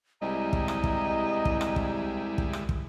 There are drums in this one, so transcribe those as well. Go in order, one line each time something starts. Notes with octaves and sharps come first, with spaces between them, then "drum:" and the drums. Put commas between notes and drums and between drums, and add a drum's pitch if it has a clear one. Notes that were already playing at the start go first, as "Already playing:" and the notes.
C2 G3 G#3 E4 D#5 A#5
drum: kick
drum: rim click
drum: kick
drum: kick
drum: rim click
drum: kick
drum: kick
drum: rim click
drum: kick